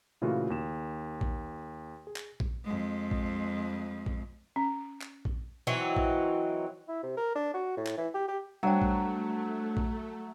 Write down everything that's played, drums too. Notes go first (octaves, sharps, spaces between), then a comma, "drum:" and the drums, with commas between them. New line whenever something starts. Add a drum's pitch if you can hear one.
A#2 C#3 E3 A3 F4 F#4
D#2 E7
drum: kick A#1
G#4
drum: clap
drum: kick A#1
F2 G#3
drum: kick A#1
drum: kick A#1
C#4
drum: clap
drum: kick A#1
E3 F#3 C4 D#4
drum: kick A#1
E4
C3
A#4
D4
F#4
A2
drum: clap
E3
G4
G4
F#3 G3 A3 D4 C5 C#5 G5
drum: kick A#1
drum: kick A#1